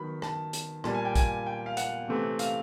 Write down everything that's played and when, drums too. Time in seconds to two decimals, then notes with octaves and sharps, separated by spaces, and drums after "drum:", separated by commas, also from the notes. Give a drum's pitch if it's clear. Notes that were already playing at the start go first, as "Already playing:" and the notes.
Already playing: D#3 F#3 B3 B5
0.22 A5, drum: rim click
0.53 drum: hi-hat
0.84 A#2 G3 A#3 A5, drum: rim click
0.94 G#5
1.05 G5
1.15 G#5, drum: kick, hi-hat
1.46 G5
1.66 F5
1.77 F#5, drum: hi-hat
2.08 C3 E3 A3 C4
2.39 F5, drum: hi-hat